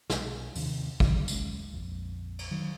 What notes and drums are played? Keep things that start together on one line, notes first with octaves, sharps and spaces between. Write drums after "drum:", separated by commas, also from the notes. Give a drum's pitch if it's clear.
B1, drum: snare
D#2 C3 D#3, drum: open hi-hat
D#3 F#3, drum: kick
D1 G#3 C#4, drum: tambourine
A#1 F2
drum: cymbal
D#3 F#3